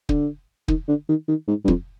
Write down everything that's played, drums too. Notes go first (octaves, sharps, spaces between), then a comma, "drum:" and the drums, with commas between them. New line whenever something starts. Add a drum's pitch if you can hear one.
D3, drum: kick
D#3, drum: kick
D3
D#3
D#3
G#2
G2
F2, drum: kick